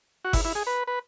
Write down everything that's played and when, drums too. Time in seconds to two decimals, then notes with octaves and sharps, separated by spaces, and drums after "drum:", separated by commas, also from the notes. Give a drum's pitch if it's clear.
0.25 F#4
0.33 E4, drum: kick G1, open hi-hat
0.45 E4
0.55 G#4
0.67 B4
0.87 B4